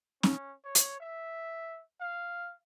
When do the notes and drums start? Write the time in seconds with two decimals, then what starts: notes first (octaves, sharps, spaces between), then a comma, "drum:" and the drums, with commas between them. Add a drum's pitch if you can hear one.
0.23 C#4, drum: snare
0.64 C#5
0.75 drum: hi-hat
1.00 E5
2.00 F5